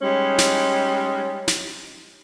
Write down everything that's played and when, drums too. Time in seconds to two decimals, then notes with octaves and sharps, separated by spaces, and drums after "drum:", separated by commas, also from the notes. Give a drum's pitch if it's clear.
0.02 G3 G#3 C#4 D#4
0.38 drum: snare
1.48 drum: snare